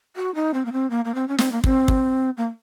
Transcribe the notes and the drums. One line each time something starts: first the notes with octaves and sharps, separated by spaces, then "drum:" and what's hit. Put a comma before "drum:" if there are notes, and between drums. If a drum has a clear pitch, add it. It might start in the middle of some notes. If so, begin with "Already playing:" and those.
F#4
D#4
C4
A#3
C4
A#3
A#3
C4
C#4
C4, drum: snare
A#3
C4, drum: kick
drum: kick
A#3